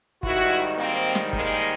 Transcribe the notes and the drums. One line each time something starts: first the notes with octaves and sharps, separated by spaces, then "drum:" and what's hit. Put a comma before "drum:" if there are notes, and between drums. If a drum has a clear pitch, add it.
G#2 D#3 G3 E4 F#4, drum: kick G1
A#3 C4
drum: snare
G#3 A#3, drum: kick G1